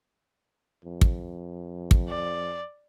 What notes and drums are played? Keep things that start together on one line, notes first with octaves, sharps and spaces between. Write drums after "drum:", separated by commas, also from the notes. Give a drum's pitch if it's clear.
F2
drum: kick
drum: kick
D5